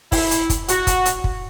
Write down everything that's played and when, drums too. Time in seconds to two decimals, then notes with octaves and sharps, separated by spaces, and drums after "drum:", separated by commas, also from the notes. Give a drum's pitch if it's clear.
0.12 E4, drum: kick, open hi-hat
0.31 drum: hi-hat
0.50 drum: kick, hi-hat
0.68 F#4, drum: hi-hat
0.87 drum: kick, hi-hat
1.05 drum: hi-hat
1.24 drum: kick